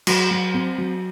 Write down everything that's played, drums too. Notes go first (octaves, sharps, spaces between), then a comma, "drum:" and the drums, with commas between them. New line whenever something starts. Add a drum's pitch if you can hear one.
F#3, drum: cymbal
F#3
C4
F#3